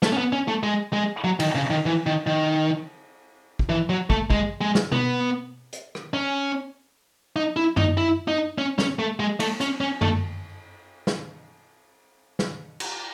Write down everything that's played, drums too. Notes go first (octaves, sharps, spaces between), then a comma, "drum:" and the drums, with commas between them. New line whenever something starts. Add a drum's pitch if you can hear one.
A3, drum: snare
C#4
B3
C#4
A3
G#3
G#3
F#3
D#3, drum: cymbal
C#3
D#3
E3
D#3
D#3
drum: kick
E3
F#3
A3, drum: kick
G#3, drum: kick
G#3
drum: snare
B3, drum: tom B2
drum: hi-hat
drum: rim click
C#4
D#4
E4
D#4, drum: tom F#2
E4
D#4
C#4
C#4, drum: snare
A3
G#3
A3, drum: cymbal
C#4, drum: hi-hat
C#4
A3, drum: tom F#2
drum: snare
drum: snare
drum: cymbal